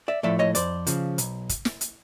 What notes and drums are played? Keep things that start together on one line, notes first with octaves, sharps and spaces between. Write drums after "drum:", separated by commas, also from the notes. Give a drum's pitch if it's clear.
D5 E5
A2 F3 A3 D5 E5
C#5 D#5
F2 C5 D5, drum: hi-hat
C#3 F3, drum: hi-hat
B1, drum: hi-hat
drum: kick, hi-hat
drum: snare
drum: hi-hat